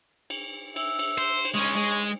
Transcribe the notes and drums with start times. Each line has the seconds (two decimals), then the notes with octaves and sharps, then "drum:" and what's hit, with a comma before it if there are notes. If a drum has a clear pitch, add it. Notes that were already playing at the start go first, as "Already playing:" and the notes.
0.30 drum: cymbal
0.76 E5, drum: cymbal
0.99 drum: cymbal
1.18 C5
1.45 drum: cymbal
1.55 G#3 C#4 C#5
1.77 G#3